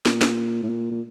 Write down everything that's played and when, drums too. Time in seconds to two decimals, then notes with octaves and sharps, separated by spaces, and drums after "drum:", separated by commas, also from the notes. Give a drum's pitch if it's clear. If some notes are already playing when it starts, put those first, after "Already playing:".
0.06 A#2, drum: snare
0.21 drum: snare
0.63 A2
0.70 A#2
0.91 A#2